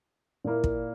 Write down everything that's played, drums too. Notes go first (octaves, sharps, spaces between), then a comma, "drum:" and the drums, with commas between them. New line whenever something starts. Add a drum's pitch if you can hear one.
A#2 A#3 E4
drum: kick